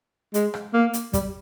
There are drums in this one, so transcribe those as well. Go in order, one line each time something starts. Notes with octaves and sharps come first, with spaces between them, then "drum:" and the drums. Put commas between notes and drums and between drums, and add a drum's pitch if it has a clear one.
G#3, drum: hi-hat
drum: rim click
A#3
drum: hi-hat
G3, drum: kick, hi-hat